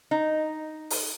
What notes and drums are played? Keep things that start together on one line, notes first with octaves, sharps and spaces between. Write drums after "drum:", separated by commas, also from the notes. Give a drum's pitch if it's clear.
D#4
drum: open hi-hat